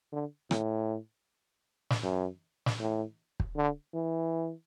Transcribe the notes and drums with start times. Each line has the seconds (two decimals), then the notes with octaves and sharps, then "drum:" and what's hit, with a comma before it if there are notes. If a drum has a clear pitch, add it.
0.12 D3
0.51 A2, drum: rim click
1.90 drum: snare
2.03 F#2
2.66 drum: snare
2.79 A2
3.40 drum: kick
3.56 D3
3.94 E3